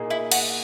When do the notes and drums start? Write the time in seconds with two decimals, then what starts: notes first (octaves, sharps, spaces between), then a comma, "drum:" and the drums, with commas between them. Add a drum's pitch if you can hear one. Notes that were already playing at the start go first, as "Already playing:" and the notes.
Already playing: A#2 A#3 D#4 G#4
0.10 E4
0.32 F#4, drum: cymbal